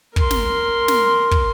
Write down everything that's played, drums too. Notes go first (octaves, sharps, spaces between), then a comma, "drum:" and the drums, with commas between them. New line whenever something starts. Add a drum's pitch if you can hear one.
A#4 C6, drum: kick
drum: snare
drum: snare
drum: kick